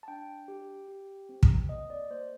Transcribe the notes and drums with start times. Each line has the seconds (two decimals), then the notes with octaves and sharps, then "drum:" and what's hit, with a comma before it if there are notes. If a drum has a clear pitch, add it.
0.03 A5
0.08 D4 G5
0.48 G4
0.88 G4
1.29 C4
1.43 drum: kick
1.69 A#3 D#5
1.90 D5
2.10 A#3 C5